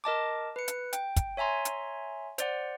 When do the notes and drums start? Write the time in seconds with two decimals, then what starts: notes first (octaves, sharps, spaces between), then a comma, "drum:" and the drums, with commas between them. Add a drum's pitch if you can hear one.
0.04 A#4 D#5 A5 D6
0.56 B4 C#7
0.68 drum: hi-hat
0.93 G5, drum: hi-hat
1.16 drum: kick, hi-hat
1.37 C#5 E5 G#5 A#5 C6
1.65 drum: hi-hat
2.38 C5 D5 F#5, drum: hi-hat